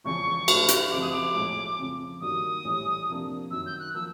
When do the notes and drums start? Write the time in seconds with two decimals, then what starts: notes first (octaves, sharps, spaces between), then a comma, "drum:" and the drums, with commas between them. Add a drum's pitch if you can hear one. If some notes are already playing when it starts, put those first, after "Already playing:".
0.04 E1 E2 C#3 F3 C#6
0.48 A2 F#3 A3 D4, drum: cymbal
0.68 drum: hi-hat
0.91 F#1 F2 C#3 F3 D6
1.01 D#6
1.12 D6
1.34 B1 A2 F3 G#3
1.78 F2 C#3 F3
2.21 G2 D#3 F#3 A#3 D#6
2.65 A#1 A2 E3 G3
3.08 F2 C3 F3 A#3 D4
3.51 F#2 D#3 F#3 E6
3.66 G6
3.79 F#6
3.95 F3 A#3 E6